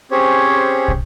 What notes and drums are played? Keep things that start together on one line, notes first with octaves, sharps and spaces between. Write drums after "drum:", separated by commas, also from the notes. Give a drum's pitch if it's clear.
C4 C#4 G4 G#4 C5 C#5
drum: kick